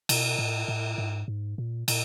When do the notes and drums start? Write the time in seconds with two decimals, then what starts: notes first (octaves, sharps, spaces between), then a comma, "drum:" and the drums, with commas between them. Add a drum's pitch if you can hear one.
0.09 B2, drum: cymbal
0.38 A2
0.68 A2
0.98 G#2
1.28 G#2
1.58 A#2
1.88 A#2, drum: cymbal